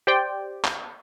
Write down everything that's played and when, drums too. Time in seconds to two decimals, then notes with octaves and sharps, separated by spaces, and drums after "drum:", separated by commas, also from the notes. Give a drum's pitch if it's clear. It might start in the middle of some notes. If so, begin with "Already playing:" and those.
0.07 G4 C5 D5 G5
0.65 drum: clap